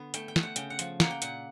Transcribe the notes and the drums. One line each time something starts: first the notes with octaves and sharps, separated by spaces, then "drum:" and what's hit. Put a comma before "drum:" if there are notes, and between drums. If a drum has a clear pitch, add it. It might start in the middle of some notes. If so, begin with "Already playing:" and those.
Already playing: D3 B3
A3 G5, drum: hi-hat
G5
A3, drum: snare
F#5
C#3 G5, drum: hi-hat
F#5
F3, drum: hi-hat
A#3 F#5, drum: snare
G5
A#2 F#5, drum: hi-hat